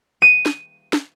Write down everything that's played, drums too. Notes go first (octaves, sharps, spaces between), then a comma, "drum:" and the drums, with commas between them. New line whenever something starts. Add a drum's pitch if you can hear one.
D#7
drum: snare
drum: snare